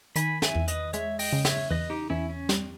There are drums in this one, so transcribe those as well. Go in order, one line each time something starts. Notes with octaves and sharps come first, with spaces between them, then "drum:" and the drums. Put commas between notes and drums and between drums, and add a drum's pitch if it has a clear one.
D#3 G#5 B5, drum: hi-hat
E5 G#5, drum: snare
E2
B4 D#5, drum: hi-hat
G#3 C#5 E5, drum: hi-hat
D#5 G5, drum: open hi-hat
C#3
C#5 E5, drum: snare
E2 B4 D#5
D#4 G4
E2 C#4 E4
C#4
G3, drum: snare